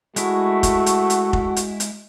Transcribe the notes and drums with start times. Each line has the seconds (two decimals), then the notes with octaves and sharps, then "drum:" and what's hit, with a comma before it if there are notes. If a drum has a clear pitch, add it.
0.16 G#3 A3 E4 F#4, drum: hi-hat
0.63 drum: kick F1, hi-hat
0.86 drum: hi-hat
1.10 drum: hi-hat
1.33 drum: kick F1
1.56 drum: hi-hat
1.80 drum: hi-hat